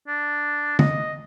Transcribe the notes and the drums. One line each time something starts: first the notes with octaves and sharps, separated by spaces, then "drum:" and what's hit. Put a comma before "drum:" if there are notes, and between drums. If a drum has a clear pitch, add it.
D4
D#5, drum: tom D3